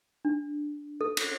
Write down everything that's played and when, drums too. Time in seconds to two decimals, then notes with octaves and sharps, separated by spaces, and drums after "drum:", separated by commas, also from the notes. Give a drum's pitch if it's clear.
0.25 D4
1.01 A4
1.17 drum: cymbal